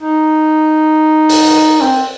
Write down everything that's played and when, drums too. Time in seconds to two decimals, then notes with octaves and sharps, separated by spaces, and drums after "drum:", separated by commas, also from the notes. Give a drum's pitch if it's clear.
0.01 D#4
1.29 drum: open hi-hat
1.82 C4